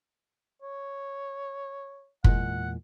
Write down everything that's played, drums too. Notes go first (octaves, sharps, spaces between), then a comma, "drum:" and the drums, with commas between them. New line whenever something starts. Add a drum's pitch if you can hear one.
C#5
E2 A#2 G#3 F#5, drum: kick